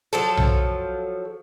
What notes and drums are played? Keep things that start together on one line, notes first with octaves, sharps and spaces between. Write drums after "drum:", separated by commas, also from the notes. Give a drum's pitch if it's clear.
F3 F#3 A4
drum: tom B1